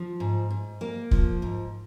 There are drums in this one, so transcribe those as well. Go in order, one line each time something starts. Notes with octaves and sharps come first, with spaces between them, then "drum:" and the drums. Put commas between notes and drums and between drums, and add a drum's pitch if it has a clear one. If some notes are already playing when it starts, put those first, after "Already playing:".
Already playing: F3
G#2
G#2
A#3
F3, drum: kick
G#2